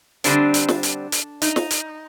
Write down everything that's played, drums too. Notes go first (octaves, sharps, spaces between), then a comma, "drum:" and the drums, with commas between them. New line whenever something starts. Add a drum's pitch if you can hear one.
D3 G3 C4 D4, drum: hi-hat
drum: hi-hat
drum: snare
drum: hi-hat
drum: hi-hat
D#4, drum: hi-hat
drum: snare
drum: hi-hat